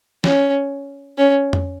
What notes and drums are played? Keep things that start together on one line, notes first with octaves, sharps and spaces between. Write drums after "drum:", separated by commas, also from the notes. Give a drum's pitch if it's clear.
C#4, drum: snare
C#4
drum: tom F2